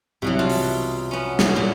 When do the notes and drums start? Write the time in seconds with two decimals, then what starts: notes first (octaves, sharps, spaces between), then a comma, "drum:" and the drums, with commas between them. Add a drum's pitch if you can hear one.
0.22 C2 B2 E3 F#3
0.39 F4 A5
0.50 drum: open hi-hat
1.11 B3 C#4
1.39 drum: snare
1.55 A#2 E4